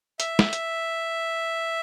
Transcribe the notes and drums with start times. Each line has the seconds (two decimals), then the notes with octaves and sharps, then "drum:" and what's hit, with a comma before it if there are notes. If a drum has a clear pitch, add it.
0.20 E5, drum: hi-hat
0.39 drum: snare
0.53 drum: hi-hat